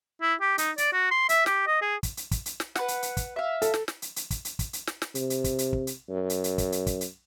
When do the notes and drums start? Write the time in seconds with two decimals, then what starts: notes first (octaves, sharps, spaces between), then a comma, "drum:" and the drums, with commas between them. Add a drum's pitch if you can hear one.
0.22 E4
0.41 G4
0.58 D#4, drum: hi-hat
0.78 D5, drum: hi-hat
0.93 F#4
1.11 C6
1.29 E5, drum: hi-hat
1.46 G4, drum: snare
1.67 D#5
1.82 G#4
2.03 drum: kick, hi-hat
2.17 drum: hi-hat
2.31 drum: kick, hi-hat
2.46 drum: hi-hat
2.60 drum: snare
2.76 B4 F#5, drum: snare
2.88 drum: hi-hat
3.02 drum: hi-hat
3.17 drum: kick, hi-hat
3.36 E5 F5
3.62 A4, drum: hi-hat
3.74 drum: snare
3.88 drum: snare
4.02 drum: hi-hat
4.16 drum: hi-hat
4.30 drum: kick, hi-hat
4.45 drum: hi-hat
4.59 drum: kick, hi-hat
4.73 drum: hi-hat
4.87 drum: snare
5.02 drum: snare
5.15 C3, drum: hi-hat
5.30 drum: hi-hat
5.44 drum: kick, hi-hat
5.58 drum: hi-hat
5.73 drum: kick
5.87 drum: hi-hat
6.09 F#2
6.30 drum: hi-hat
6.44 drum: hi-hat
6.58 drum: kick, hi-hat
6.72 drum: hi-hat
6.86 drum: kick, hi-hat
7.01 drum: hi-hat